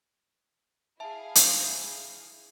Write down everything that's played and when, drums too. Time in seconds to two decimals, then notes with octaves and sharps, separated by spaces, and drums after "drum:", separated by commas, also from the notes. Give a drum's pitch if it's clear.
1.00 E4 G#4 E5 F5 A5
1.35 G6, drum: hi-hat